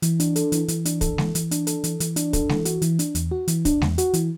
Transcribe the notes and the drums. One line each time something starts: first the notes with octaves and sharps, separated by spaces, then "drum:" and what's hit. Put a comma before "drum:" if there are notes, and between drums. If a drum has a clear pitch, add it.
E3, drum: hi-hat
D4, drum: hi-hat
A4, drum: hi-hat
E3, drum: hi-hat
E3, drum: hi-hat
D4, drum: hi-hat
A4, drum: kick, hi-hat
E3, drum: snare G#3
E3, drum: hi-hat
D4, drum: hi-hat
A4, drum: hi-hat
E3, drum: hi-hat
E3, drum: hi-hat
D4, drum: hi-hat
A4, drum: kick, hi-hat
E3, drum: snare G#3
F#4, drum: hi-hat
E3, drum: hi-hat
D4, drum: hi-hat
E2, drum: hi-hat
F#4
E3, drum: hi-hat
D4, drum: kick, hi-hat
E2, drum: snare G#3
F#4, drum: hi-hat
E3, drum: hi-hat